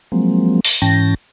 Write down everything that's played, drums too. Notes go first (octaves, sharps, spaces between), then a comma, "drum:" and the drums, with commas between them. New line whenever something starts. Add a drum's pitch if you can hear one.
F3 F#3 G#3 A#3 C4
drum: open hi-hat
G#2 E3 C#4 G5 A5 A#6